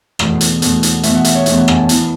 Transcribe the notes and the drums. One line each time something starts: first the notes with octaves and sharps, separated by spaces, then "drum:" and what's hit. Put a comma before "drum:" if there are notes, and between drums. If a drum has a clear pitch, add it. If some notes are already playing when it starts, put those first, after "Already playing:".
E2 B2 A3, drum: rim click
drum: hi-hat
E2 B2 A3, drum: hi-hat
drum: hi-hat
E2 B2 A3 E5, drum: hi-hat
F#5
E5, drum: hi-hat
C#5
E2 B2 A3 E5, drum: hi-hat
F#5
G#5, drum: rim click
A5
E3 B3, drum: hi-hat